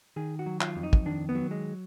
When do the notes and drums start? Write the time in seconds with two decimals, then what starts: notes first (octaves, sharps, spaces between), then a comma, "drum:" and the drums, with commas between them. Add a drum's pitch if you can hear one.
0.16 D#3 G#4
0.39 F#4
0.46 F#3
0.61 F4, drum: clap
0.76 F2
0.83 D#4
0.93 drum: kick
1.06 D#3 D4
1.29 B3
1.35 F#3
1.51 G#3